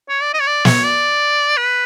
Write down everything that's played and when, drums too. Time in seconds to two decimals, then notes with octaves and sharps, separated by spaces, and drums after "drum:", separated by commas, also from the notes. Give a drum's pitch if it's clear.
0.09 C#5
0.22 D5
0.34 D#5
0.41 C#5
0.47 D5
0.65 C#5, drum: snare
0.83 D5
1.57 B4